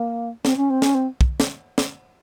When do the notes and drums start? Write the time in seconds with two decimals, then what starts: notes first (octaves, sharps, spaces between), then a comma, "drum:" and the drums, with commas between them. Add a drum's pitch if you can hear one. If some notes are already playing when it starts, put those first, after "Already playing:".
Already playing: A#3
0.45 C4, drum: snare
0.57 C#4
0.70 C4
0.82 C#4, drum: snare
0.95 C4
1.21 drum: kick
1.40 drum: snare
1.78 drum: snare